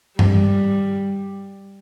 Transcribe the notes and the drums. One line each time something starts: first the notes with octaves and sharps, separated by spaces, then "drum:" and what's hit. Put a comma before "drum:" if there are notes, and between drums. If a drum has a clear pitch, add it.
G3, drum: tom G2